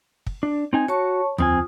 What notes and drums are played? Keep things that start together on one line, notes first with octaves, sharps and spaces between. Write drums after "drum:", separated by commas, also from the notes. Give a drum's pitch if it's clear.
drum: kick
D4
C4 D#4 G#5
F#4 C#5 A5 C#6
F2 C4 F4 G#5 D#6, drum: tom D#2